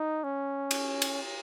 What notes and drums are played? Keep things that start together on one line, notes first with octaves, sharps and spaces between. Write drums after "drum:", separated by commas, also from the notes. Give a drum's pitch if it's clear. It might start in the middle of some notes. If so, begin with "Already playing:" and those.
Already playing: D#4
C#4
drum: cymbal
drum: cymbal